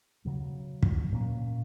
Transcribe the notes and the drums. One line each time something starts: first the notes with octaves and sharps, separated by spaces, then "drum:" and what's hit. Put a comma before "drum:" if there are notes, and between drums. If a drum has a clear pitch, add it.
C#3 F#3 C#4
drum: kick
A#2 F#3 A#3 C#4